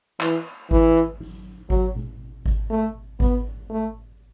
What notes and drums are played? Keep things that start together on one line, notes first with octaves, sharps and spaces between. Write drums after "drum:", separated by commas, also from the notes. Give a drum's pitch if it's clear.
E3, drum: clap
E3, drum: kick G#1
drum: tom
F#3, drum: kick G#1
drum: tom B2
drum: kick G#1
A3
B3, drum: kick G#1
A3